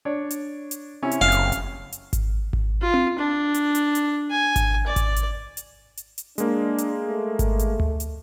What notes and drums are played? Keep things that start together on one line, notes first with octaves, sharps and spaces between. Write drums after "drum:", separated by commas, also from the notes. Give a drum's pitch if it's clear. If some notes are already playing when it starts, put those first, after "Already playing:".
D4 C#5 D5
drum: hi-hat
drum: hi-hat
C3 C#4 E4
drum: hi-hat
F#1 F5
drum: hi-hat
drum: hi-hat
drum: hi-hat
drum: kick G#1, hi-hat
drum: kick G#1
F4
drum: tom C4
D4
drum: hi-hat
drum: hi-hat
drum: hi-hat
G#5
drum: kick G#1, hi-hat
D5
drum: kick G#1, hi-hat
drum: hi-hat
drum: hi-hat
drum: hi-hat
drum: hi-hat
G#3 A#3 D4, drum: hi-hat
drum: hi-hat
A3
drum: kick G#1, hi-hat
drum: hi-hat
drum: tom D2
drum: hi-hat